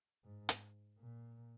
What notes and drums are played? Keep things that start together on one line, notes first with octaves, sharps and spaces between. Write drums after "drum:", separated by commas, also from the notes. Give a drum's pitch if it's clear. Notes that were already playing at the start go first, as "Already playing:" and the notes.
G#2
drum: hi-hat
A#2